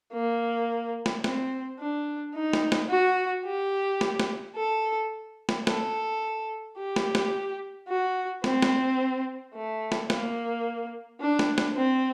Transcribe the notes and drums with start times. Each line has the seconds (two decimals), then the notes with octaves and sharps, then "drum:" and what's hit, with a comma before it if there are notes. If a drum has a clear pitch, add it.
0.13 A#3
1.06 drum: snare
1.24 C4, drum: snare
1.80 D4
2.35 D#4
2.53 drum: snare
2.72 drum: snare
2.90 F#4
3.46 G4
4.01 drum: snare
4.20 drum: snare
4.56 A4
5.49 drum: snare
5.67 A4, drum: snare
6.78 G4
6.96 drum: snare
7.15 drum: snare
7.89 F#4
8.44 C4, drum: snare
8.62 drum: snare
9.55 A3
9.92 drum: snare
10.10 A#3, drum: snare
11.21 D4
11.39 drum: snare
11.58 drum: snare
11.76 C4